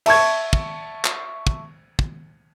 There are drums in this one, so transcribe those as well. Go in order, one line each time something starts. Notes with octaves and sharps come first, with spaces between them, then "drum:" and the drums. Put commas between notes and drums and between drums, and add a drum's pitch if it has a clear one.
E5 A5 C#6 G#6, drum: cymbal
drum: kick
drum: clap
drum: kick
drum: kick